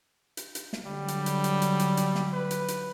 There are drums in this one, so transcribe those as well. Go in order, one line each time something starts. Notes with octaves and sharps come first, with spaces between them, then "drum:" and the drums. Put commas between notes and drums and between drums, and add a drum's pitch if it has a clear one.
drum: hi-hat
drum: hi-hat
drum: snare
D3 F#3 G3
drum: hi-hat
drum: hi-hat
drum: hi-hat
drum: hi-hat
drum: hi-hat
drum: hi-hat
drum: snare
B4
drum: hi-hat
drum: hi-hat